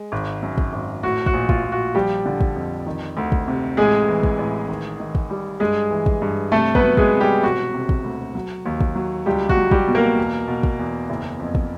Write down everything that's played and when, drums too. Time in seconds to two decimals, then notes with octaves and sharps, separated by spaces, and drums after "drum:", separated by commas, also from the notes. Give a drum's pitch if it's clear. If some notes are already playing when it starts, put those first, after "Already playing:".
Already playing: G#3
0.12 G#1
0.42 F#2
0.58 drum: kick
0.73 G#1
1.03 A2 F#4
1.26 F#4, drum: kick
1.34 A#1
1.49 F4, drum: kick
1.64 A#1
1.72 F#4
1.95 F3 G3 G4
2.26 D3
2.41 drum: kick
2.56 F2
2.86 D#3
3.17 D2
3.32 drum: kick
3.48 C3
3.77 A1 G#3 G#4
4.08 E3
4.23 drum: kick
4.38 A1
4.69 D#3
5.00 D#3
5.15 drum: kick
5.30 G3
5.60 G2 G#3 G#4
5.91 E3
6.06 drum: kick
6.22 G2
6.52 C3 A3 A4
6.75 B3 B4, drum: kick
6.82 F#3
6.97 G#3 G#4, drum: kick
7.13 C3
7.20 G3 G4
7.43 E1 F#4
7.74 C3
7.89 drum: kick
8.05 D2
8.35 F#3
8.66 D#2
8.81 drum: kick
8.95 F#3
9.26 C#2 G3 G4
9.49 F#4, drum: kick
9.57 F#3
9.71 G3 G4, drum: kick
9.88 B2
9.95 A#3 A#4
10.18 E2
10.48 B2
10.63 drum: kick
10.79 E2
11.10 F#1
11.39 F2
11.55 drum: kick